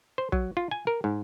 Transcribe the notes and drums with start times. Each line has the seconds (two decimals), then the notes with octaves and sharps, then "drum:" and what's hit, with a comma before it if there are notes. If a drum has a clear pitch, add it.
0.18 C5
0.32 F#3, drum: kick
0.57 F4
0.71 G#5
0.87 A#4
1.04 G#2